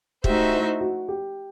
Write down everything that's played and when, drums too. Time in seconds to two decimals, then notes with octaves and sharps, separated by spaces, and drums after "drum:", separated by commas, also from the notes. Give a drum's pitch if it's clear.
0.24 A3 D#4 F#4 G4 C5 E5, drum: kick
0.53 E4
0.81 F#4
1.08 G4